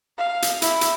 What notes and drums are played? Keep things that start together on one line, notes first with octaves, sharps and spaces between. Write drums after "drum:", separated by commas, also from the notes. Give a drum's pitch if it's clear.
F5
drum: hi-hat
E4, drum: hi-hat
drum: hi-hat